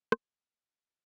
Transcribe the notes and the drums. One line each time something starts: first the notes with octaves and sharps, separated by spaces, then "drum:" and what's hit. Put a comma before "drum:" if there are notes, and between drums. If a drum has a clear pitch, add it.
F#4, drum: rim click
D#2 A3 B3 G6 A6
D4 E5
E4 F#4 B4 B5